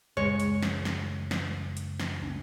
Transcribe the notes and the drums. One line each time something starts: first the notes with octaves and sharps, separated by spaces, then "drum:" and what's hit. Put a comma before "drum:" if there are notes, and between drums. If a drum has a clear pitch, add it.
C#2 F#2 G#3 C#5
drum: hi-hat
drum: snare
drum: snare
drum: snare
drum: hi-hat
drum: snare
drum: tom